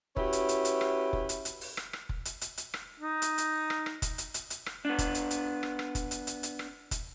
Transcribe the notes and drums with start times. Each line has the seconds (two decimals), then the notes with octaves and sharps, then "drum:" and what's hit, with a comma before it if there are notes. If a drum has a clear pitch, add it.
0.17 C#4 E4 F#4 G4 B4, drum: kick F1
0.33 drum: hi-hat
0.49 drum: hi-hat
0.65 drum: hi-hat
0.81 drum: rim click
1.13 drum: kick F1
1.29 drum: hi-hat
1.45 drum: hi-hat
1.61 drum: open hi-hat
1.77 drum: rim click
1.93 drum: rim click
2.09 drum: kick F1
2.25 drum: hi-hat
2.41 drum: hi-hat
2.58 drum: hi-hat
2.74 drum: rim click
3.00 D#4
3.22 drum: hi-hat
3.38 drum: hi-hat
3.70 drum: rim click
3.86 drum: rim click
4.02 drum: kick F1, hi-hat
4.18 drum: hi-hat
4.34 drum: hi-hat
4.50 drum: hi-hat
4.66 drum: rim click
4.85 B3 D4
4.98 drum: kick F1, hi-hat
5.15 drum: hi-hat
5.31 drum: hi-hat
5.63 drum: rim click
5.79 drum: rim click
5.95 drum: kick F1, hi-hat
6.11 drum: hi-hat
6.27 drum: hi-hat
6.43 drum: hi-hat
6.59 drum: rim click
6.91 drum: kick F1, hi-hat